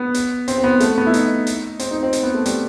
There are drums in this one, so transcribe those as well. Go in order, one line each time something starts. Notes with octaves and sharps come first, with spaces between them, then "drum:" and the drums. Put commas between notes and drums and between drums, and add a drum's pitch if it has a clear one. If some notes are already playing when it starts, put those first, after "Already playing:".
Already playing: B3
drum: hi-hat
C4, drum: hi-hat
C4
B3
A3, drum: hi-hat
B3
E4
D#4, drum: hi-hat
drum: hi-hat
C4, drum: hi-hat
D#4
C4
drum: hi-hat
B3
A3
G3, drum: hi-hat